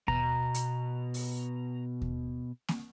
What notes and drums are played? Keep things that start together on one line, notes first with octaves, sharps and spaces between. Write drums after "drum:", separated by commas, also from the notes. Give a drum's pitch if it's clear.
B2 A#5, drum: kick D#2
drum: hi-hat
drum: open hi-hat
drum: kick D#2
drum: snare A#3